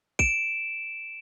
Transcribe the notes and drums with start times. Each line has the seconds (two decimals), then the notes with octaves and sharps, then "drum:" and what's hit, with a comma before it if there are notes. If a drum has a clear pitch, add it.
0.19 D7 E7, drum: kick